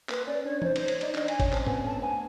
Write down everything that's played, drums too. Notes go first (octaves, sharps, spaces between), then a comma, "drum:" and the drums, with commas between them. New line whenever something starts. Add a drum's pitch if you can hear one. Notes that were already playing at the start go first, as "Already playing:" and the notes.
A#3 B4, drum: clap
C#4 D5
D4 C#5
D#4 C5, drum: tom E3
C5, drum: cymbal
C#5, drum: cymbal
D#4 D5, drum: cymbal
D4 D#5, drum: clap
G#5, drum: cymbal
C#4, drum: kick, cymbal
C4 A5, drum: clap
B3 G#5, drum: tom G#2
A3 A5
B3 G#5